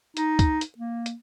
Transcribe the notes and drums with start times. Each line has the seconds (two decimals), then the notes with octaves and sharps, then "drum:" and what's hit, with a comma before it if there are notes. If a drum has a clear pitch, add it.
0.17 D#4, drum: hi-hat
0.39 drum: kick C#2, hi-hat
0.61 drum: hi-hat
0.78 A#3
1.06 drum: hi-hat